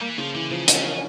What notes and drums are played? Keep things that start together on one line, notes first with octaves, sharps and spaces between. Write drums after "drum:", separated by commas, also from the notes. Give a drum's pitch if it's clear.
G3 A#3
E3
C#3 F3
D3 E3
C#3 F3
C#3 C#4, drum: hi-hat
C#4